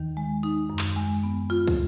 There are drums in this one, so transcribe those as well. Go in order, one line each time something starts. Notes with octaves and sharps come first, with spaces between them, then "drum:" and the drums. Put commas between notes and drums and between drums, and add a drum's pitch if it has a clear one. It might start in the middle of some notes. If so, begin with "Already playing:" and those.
Already playing: D#2 D#3
G#3
D#4, drum: hi-hat
F#2
drum: clap
G#3, drum: hi-hat
drum: hi-hat
B3
F4, drum: hi-hat
drum: kick, open hi-hat